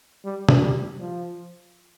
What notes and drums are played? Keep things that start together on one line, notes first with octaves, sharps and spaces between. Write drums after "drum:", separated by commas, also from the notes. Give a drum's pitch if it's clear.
G3
drum: tom
G3
F3